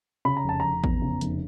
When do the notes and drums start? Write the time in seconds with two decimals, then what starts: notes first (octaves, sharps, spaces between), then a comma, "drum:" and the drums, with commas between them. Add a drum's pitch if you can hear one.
0.25 C#3 B5
0.37 A#5
0.44 F1
0.49 A5
0.60 F1 A#5
0.84 E2, drum: kick A1
1.02 C#3
1.21 F1, drum: hi-hat